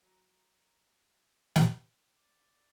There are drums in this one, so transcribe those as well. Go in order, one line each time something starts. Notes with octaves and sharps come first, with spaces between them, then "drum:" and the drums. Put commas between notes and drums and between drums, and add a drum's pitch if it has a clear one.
F#3 A#5
drum: snare
D5